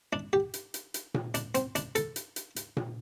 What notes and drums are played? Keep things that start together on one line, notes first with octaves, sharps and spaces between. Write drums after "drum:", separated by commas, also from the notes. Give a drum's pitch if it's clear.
D4
G4
drum: hi-hat
drum: hi-hat
drum: hi-hat
drum: tom A#2
D4, drum: hi-hat
C4, drum: hi-hat
D4, drum: hi-hat
A4, drum: hi-hat
drum: hi-hat
drum: hi-hat
drum: hi-hat
drum: tom A#2